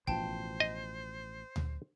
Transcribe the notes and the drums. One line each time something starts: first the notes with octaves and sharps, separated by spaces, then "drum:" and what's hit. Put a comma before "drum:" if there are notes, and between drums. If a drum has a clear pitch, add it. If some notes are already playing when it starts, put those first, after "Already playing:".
A1 B2 F3 C5 G5 A5, drum: kick
D#5
drum: tom D2